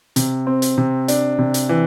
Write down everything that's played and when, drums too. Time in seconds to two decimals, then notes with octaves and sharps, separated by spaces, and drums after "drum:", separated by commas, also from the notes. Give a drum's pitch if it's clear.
0.16 C3, drum: hi-hat
0.47 C4
0.62 drum: hi-hat
0.78 C3
1.08 D4, drum: hi-hat
1.39 C3
1.54 drum: hi-hat
1.69 E3